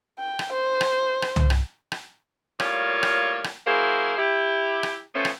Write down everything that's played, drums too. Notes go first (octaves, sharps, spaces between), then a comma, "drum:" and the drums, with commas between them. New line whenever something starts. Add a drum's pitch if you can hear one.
G5
drum: rim click
C5
drum: rim click
drum: rim click
drum: tom
drum: rim click
drum: rim click
A2 G3 A#3 F4 C#5, drum: rim click
drum: rim click
drum: rim click
F#3 A#3 E4 G#4 C5
E4 G4
drum: rim click
F3 A3 B3 C#4 C5
drum: rim click